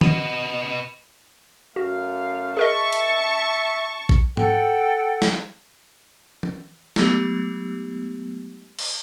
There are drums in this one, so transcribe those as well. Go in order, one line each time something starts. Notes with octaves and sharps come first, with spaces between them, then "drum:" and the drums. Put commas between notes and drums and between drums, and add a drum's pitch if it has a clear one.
B3 D#5, drum: tom D#3
F#2 A3 F#4 F5
G#4 A#4 D#5 E5 A5 C#6
drum: hi-hat
drum: kick A#1
A4 F#5 G5, drum: tom G#2
drum: snare
drum: tom E3
F#3 G#3 A3 B3 D#4 G4, drum: snare
drum: cymbal